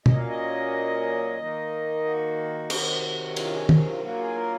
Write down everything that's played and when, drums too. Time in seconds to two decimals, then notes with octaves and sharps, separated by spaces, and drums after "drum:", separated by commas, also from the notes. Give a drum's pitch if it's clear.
0.06 A#2 F#3 A#3 C#4 D#5, drum: tom
0.17 F5
0.28 D#5
1.37 D#3 A#3 D#4
2.05 F#4
2.70 C3 D#3 F#3, drum: cymbal
3.36 F4, drum: cymbal
3.53 G#4
3.69 G#4, drum: tom
3.86 F4
4.02 F#3 A#3 F4 F#4
4.18 G#4
4.35 A#4